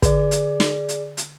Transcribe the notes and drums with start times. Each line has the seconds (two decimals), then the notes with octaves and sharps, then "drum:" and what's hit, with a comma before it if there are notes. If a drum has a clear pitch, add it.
0.02 D3 G#4 D5, drum: kick, hi-hat
0.31 drum: hi-hat
0.60 drum: snare
0.89 drum: hi-hat
1.17 drum: hi-hat